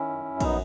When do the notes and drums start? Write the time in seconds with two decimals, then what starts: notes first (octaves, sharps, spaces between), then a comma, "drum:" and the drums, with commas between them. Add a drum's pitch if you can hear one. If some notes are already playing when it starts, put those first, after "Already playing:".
Already playing: D#3 C#4 E4
0.09 F#2
0.25 F#2
0.40 F#3 B3 D#4, drum: kick, cymbal